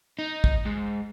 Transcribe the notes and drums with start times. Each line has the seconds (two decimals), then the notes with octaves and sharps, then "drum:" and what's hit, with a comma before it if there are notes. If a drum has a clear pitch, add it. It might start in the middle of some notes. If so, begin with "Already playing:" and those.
0.19 D#4
0.44 drum: kick
0.66 G#2